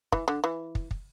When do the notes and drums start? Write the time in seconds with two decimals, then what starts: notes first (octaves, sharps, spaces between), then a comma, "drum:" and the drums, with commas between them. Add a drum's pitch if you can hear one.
0.12 E3, drum: kick
0.28 D3
0.44 E3
0.75 drum: kick
0.91 drum: kick